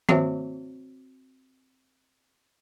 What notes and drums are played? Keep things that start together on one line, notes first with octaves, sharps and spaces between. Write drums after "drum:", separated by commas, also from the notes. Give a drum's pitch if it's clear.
C4 F#4 C5 C#5 E5, drum: tom D#3